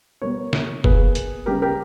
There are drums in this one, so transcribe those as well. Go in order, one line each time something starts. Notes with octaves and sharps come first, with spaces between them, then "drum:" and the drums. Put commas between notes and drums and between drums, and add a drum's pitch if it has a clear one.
B2 G3 B3 A#4 C#5
drum: snare
B2 A#3 G#4 B4, drum: kick F#1
drum: hi-hat
C#3 G3 B3 G4 A#4
G4 A#4